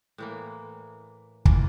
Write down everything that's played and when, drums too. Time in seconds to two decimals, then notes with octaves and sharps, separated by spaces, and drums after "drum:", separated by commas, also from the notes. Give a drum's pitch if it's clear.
0.18 A2 E3 A#3
1.45 E3 A#3 F4, drum: kick